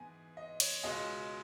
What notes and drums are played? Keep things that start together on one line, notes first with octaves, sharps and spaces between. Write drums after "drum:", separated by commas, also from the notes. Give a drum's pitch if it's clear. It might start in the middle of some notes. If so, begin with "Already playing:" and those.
Already playing: G#2 E3 B3 G#5
D#5
C#5, drum: cymbal
C#2 B2 G#3 C#4 D#5